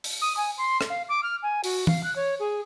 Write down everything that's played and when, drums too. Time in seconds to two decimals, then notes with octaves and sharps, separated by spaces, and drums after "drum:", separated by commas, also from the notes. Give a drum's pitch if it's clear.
0.04 drum: open hi-hat
0.21 D#6
0.37 G#5
0.58 C6
0.81 drum: rim click
0.90 F5
1.09 D6
1.23 F6
1.43 G#5
1.64 F#4, drum: open hi-hat
1.87 F5, drum: tom E3
2.03 F#6
2.16 C#5
2.40 G#4